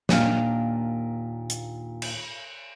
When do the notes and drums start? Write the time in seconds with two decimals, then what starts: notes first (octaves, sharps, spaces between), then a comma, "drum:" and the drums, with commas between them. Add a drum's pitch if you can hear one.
0.09 D#2 A#2 D4 F5, drum: snare
1.50 drum: hi-hat
2.02 drum: cymbal